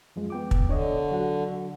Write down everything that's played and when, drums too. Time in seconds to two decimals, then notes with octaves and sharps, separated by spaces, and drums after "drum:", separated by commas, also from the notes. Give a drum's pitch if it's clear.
0.16 F#2 F3 G#3
0.30 B3 G5 D6
0.51 drum: kick
0.69 D3 D4 C#5 D#5
1.11 F#3 F#4